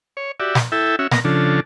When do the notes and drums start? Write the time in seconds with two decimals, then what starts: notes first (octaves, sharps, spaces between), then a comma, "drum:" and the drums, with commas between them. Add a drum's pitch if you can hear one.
0.17 C#5
0.40 F#4 G4 D5 E5
0.55 drum: snare
0.72 E4 A4 E5 G5
0.99 C#4 F#4 E5
1.11 A#3 B3 A#5, drum: snare
1.25 C#3 F3 D4 A4